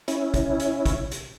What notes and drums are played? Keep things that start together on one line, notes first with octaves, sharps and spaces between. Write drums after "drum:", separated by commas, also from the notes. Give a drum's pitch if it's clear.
C#4 E4, drum: hi-hat
drum: kick, hi-hat
drum: hi-hat
drum: kick, hi-hat
drum: hi-hat